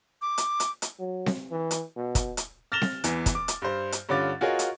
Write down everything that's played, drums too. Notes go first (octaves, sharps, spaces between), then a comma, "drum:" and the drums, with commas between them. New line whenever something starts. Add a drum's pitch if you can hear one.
D6
drum: hi-hat
drum: hi-hat
drum: hi-hat
F#3
drum: snare C4
E3
drum: hi-hat
B2
drum: kick, hi-hat
drum: hi-hat
F6 A6 A#6 E7 F7 G7
drum: snare C4
E2 E3, drum: hi-hat
drum: kick, hi-hat
D6
drum: hi-hat
G2 C5
drum: hi-hat
G2 D3 C#4 F4 D6 A6
F4 F#4 G#4 A#4 C#5 D#5
drum: hi-hat